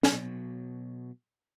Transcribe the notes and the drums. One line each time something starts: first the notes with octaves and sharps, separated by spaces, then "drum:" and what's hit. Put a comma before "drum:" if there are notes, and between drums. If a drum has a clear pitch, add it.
B2 F#3, drum: snare